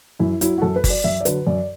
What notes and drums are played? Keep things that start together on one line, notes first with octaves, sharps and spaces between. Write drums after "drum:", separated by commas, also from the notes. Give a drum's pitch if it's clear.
F#2 E4
F#3 E4, drum: hi-hat
F#4
F#2 A4
B4
F#3, drum: kick G1, open hi-hat
D5
F#2 E5
D5
D3 F#3 B4, drum: hi-hat
F#2 D5